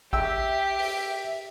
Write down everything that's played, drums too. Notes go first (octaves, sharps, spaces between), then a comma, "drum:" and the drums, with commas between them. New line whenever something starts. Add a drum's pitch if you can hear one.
G4 E5 G5 E6, drum: kick A1
drum: open hi-hat